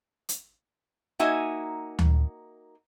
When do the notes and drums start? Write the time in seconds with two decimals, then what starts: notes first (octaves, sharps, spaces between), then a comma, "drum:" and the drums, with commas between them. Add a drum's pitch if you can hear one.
0.29 drum: hi-hat
1.19 A#3 D#4 F#4 E5 G#5
1.99 drum: tom D2